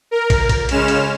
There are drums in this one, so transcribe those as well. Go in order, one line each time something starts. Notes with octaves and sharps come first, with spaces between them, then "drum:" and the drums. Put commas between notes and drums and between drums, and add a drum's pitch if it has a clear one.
A#4
drum: kick, cymbal
drum: kick, cymbal
C#3 G#3 C#4 F6 E7, drum: cymbal
drum: cymbal